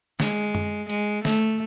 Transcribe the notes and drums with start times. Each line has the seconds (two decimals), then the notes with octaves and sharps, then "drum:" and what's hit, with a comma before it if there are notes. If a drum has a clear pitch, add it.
0.20 G#3, drum: snare
0.55 drum: tom F#2
0.90 G#3, drum: hi-hat
1.25 A3, drum: snare